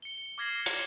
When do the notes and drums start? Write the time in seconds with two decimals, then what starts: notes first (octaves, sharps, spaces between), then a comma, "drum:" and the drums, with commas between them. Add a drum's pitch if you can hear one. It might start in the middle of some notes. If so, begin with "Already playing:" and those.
0.02 C#7 G7
0.38 D6 F6 G#6 A#6 C7 F#7
0.66 drum: hi-hat